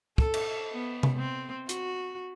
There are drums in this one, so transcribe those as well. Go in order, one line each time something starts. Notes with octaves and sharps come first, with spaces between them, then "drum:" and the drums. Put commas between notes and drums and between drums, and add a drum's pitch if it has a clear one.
A4, drum: kick
drum: cymbal
B3
drum: tom C3
C4
F#4, drum: hi-hat